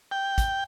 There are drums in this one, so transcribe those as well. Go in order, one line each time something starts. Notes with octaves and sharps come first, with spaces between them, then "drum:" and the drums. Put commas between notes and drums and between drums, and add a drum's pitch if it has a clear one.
G5
drum: kick, hi-hat